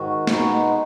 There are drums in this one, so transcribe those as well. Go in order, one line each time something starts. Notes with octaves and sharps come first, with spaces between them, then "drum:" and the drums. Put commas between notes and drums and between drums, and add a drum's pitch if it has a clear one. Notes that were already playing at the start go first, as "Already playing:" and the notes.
Already playing: G#2 D#3 F#4
B2 G#3 B3 D#4 F#4, drum: snare